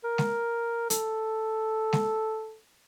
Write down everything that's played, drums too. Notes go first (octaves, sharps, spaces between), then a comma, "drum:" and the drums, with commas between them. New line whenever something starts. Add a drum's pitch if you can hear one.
A#4
drum: snare G#3
A4, drum: hi-hat
drum: snare G#3